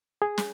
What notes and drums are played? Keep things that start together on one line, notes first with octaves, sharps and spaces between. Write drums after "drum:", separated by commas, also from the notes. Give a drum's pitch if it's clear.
G#4
drum: snare